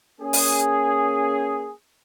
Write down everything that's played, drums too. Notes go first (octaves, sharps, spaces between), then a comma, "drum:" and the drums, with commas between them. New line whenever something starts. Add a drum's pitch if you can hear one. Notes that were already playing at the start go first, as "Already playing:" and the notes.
A#3 C#4 G#4
drum: open hi-hat